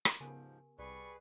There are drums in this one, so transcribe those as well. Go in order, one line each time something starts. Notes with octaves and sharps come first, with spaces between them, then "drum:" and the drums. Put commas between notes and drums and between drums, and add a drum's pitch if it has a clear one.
drum: rim click
G#2 C#3 F3 B3 G4 A#4 G#5
C2 G3 G#4 B4 D5 C#6